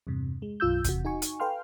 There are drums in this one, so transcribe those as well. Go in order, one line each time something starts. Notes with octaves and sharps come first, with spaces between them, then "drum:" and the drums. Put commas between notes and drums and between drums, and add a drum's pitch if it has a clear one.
E2 G2 C3
G#3
B1 F#2 F4 E6 G6
E2 C3 F#4, drum: kick, hi-hat
D#4 F#4 G#5 C#6
drum: hi-hat
A4 B4 F5 G5 C6 F6